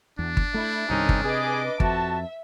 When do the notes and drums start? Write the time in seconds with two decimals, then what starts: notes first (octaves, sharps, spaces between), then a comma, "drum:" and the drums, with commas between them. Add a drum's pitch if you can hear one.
0.19 E2 D4
0.37 drum: kick G1
0.54 A3 E4
0.90 C2 G2 D#3 C4 C#4 D#4 A4
1.09 drum: kick G1
1.24 C3 G#4 B4 D#5 D6
1.80 F2 F#4 E5 A5, drum: kick G1